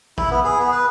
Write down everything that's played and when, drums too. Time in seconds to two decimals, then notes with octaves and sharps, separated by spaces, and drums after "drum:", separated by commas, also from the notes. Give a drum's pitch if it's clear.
0.18 E4, drum: kick
0.31 B3
0.44 G#4
0.59 B3
0.72 B4